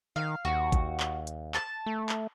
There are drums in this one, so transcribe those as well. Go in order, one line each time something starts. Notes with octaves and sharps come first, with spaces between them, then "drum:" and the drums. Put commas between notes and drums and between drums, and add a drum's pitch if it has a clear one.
D#3 F5
D#2 F#4
drum: kick G#1, hi-hat
drum: clap
drum: hi-hat
A5, drum: clap
A3
drum: clap